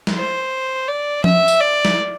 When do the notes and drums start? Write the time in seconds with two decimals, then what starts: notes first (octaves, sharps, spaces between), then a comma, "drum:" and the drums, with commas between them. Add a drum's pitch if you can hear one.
0.07 drum: snare
0.17 C5
0.88 D5
1.24 E5, drum: tom F3
1.48 drum: tambourine
1.60 D5
1.85 drum: snare